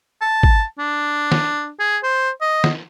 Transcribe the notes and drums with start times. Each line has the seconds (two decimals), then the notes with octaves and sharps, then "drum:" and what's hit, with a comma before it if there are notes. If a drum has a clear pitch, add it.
0.21 A5
0.43 drum: kick
0.79 D4
1.32 drum: snare
1.79 G#4
2.03 C5
2.41 D#5
2.64 drum: snare